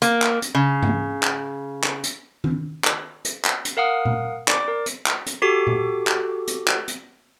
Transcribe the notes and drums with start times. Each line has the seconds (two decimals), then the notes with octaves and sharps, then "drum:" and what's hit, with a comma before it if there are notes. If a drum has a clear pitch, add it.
0.02 A#3, drum: hi-hat
0.22 drum: clap
0.42 drum: hi-hat
0.55 C#3
0.83 drum: tom G#2
1.23 drum: clap
1.83 drum: clap
2.04 drum: hi-hat
2.44 drum: tom D#3
2.84 drum: clap
3.25 drum: hi-hat
3.45 drum: clap
3.65 drum: hi-hat
3.77 A#4 F5 F#5 D#6
4.05 drum: tom A#2
4.48 D5 D6, drum: clap
4.68 A#4
4.86 drum: hi-hat
5.06 drum: clap
5.26 drum: hi-hat
5.42 F#4 G4 A4 D6
5.67 drum: tom A#2
6.07 drum: clap
6.47 drum: hi-hat
6.68 drum: clap
6.88 drum: hi-hat